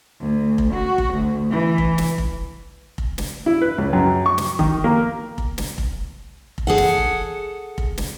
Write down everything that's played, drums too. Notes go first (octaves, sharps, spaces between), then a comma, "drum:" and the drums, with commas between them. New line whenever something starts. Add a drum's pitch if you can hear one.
D2
drum: kick F1
F#4
drum: kick F1
D2
E3
drum: kick F1
drum: snare
drum: kick F1
drum: kick F1
drum: snare
E4
B4
C#2
F#2
C#6
drum: snare
D#3, drum: kick F1
A#3
drum: kick F1
drum: snare
drum: kick F1
drum: kick F1
G#4 A4 F#5
drum: snare
drum: kick F1
drum: kick F1
drum: snare